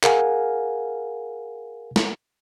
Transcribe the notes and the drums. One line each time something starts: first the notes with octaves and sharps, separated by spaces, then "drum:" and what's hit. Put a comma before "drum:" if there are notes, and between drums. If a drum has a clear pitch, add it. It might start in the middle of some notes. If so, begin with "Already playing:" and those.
G#4 A#4 F5 F#5 G#5, drum: clap
drum: snare